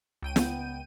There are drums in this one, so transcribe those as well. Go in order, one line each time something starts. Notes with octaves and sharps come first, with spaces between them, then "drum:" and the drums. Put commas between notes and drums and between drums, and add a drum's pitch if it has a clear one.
C#2 G5 D#7
B3, drum: snare